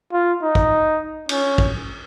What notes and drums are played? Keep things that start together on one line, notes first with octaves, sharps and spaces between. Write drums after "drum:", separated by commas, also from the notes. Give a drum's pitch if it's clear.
F4
D#4
drum: kick
C#4, drum: cymbal
drum: kick